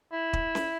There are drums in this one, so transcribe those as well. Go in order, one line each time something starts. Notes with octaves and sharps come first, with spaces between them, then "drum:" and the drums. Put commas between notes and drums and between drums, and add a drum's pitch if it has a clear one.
E4
drum: kick
drum: snare C#4